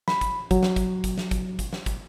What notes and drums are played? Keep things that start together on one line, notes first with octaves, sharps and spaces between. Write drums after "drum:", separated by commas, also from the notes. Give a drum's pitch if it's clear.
B5, drum: snare
drum: kick, hi-hat
F#3, drum: kick, hi-hat
drum: snare
drum: kick, hi-hat
drum: kick, hi-hat
drum: snare
drum: kick, hi-hat
drum: kick, hi-hat
drum: snare
drum: kick, hi-hat